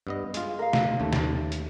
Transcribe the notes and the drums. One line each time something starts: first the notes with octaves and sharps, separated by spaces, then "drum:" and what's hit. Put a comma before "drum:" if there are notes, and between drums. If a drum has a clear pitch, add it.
G2 B3 D#5
G#3 F4, drum: hi-hat
A#4 F5
drum: snare
D#2 A3 C#4
drum: snare
drum: hi-hat